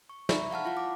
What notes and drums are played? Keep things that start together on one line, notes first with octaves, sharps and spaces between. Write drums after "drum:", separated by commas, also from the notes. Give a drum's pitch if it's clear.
C#6
D5 E5 A#5 B5 C#6, drum: snare
F5 F#5 A5 F6
E4 F4 F5 F#5
D6